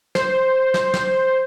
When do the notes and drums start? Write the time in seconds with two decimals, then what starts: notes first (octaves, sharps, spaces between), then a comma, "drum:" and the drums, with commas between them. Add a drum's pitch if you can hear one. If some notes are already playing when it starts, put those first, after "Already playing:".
0.15 C5, drum: snare
0.74 drum: snare
0.94 drum: snare